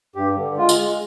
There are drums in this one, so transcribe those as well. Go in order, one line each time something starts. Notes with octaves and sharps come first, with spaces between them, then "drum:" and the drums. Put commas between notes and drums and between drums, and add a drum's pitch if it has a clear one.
G2 G4
D3
G#3 F4
drum: tambourine
G#3